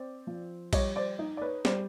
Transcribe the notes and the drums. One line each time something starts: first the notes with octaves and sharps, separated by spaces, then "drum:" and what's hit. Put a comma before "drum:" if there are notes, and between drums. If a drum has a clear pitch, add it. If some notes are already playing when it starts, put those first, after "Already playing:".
Already playing: C4 D5
F3
G3 C#5 D#5, drum: kick A#1, cymbal
C5 D5
D#4
D5
B4 C#5
G3 C5 D5, drum: snare